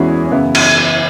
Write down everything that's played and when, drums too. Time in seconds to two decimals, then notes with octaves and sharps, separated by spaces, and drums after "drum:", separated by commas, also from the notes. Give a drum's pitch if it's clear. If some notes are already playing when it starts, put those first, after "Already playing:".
Already playing: E2 E3 G#3 B3 C#4 E4 F#4 G#4
0.25 C#4
0.32 F#2 C#3 E3 B3 E4
0.55 drum: cymbal